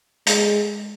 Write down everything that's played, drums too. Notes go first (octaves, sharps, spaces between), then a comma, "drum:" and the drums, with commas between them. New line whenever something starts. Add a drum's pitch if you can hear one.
G#3, drum: hi-hat